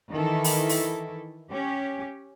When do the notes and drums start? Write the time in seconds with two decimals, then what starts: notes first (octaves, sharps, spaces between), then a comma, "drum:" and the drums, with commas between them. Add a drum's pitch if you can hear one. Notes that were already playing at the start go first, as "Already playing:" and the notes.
0.12 D#3 E3 E4 A4
0.44 drum: open hi-hat
0.69 drum: open hi-hat
1.52 C#4 G4